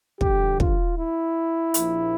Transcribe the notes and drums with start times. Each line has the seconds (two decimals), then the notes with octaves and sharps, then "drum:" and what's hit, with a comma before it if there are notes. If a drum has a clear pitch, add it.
0.21 G2 D3 F3 G4, drum: kick
0.60 F4, drum: kick
0.98 E4
1.74 A#1 A#2 F3, drum: hi-hat